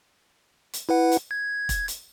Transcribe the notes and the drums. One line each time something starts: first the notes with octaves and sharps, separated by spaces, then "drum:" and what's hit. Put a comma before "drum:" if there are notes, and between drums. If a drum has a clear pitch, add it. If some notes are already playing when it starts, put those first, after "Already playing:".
drum: hi-hat
E4 B4 F#5
drum: hi-hat
G#6
drum: kick, hi-hat
drum: hi-hat